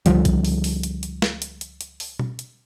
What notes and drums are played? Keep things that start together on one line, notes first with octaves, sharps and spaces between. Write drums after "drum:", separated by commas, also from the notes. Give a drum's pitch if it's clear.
C#2 D3 F3 G3, drum: hi-hat
drum: kick, hi-hat
drum: open hi-hat
drum: open hi-hat
drum: hi-hat
drum: hi-hat
drum: snare
drum: hi-hat
drum: hi-hat
drum: hi-hat
drum: open hi-hat
drum: tom B2
drum: hi-hat